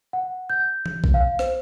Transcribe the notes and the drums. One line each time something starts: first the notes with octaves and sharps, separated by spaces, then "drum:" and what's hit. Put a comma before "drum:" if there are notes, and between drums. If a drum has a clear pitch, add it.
F#5
G6
drum: tom E3
drum: kick
F5
C5, drum: rim click